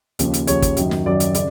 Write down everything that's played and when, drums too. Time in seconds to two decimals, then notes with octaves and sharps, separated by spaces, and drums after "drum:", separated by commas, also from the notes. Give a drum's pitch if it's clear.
0.19 D#2 C#3 F3, drum: hi-hat
0.34 drum: hi-hat
0.47 D#2 C#3 F3 C#5, drum: hi-hat
0.62 drum: kick, hi-hat
0.77 F#2 D#3 F#3, drum: hi-hat
0.91 drum: snare
1.06 F#2 D#3 F#3 D5
1.20 drum: hi-hat
1.34 C#3 D5, drum: hi-hat